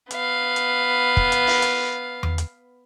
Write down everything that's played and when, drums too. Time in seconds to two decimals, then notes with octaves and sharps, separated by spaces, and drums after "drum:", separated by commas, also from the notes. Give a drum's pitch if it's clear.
0.11 B3 F5, drum: hi-hat
0.56 drum: hi-hat
1.17 drum: kick
1.32 drum: hi-hat
1.47 drum: open hi-hat
1.62 drum: hi-hat
2.23 drum: tom E2
2.38 drum: hi-hat